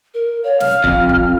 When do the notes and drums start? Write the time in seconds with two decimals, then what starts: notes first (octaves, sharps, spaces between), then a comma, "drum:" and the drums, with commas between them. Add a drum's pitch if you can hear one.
0.14 A#4
0.44 C#5 F5
0.60 F6, drum: snare
0.84 F2, drum: kick
1.09 drum: kick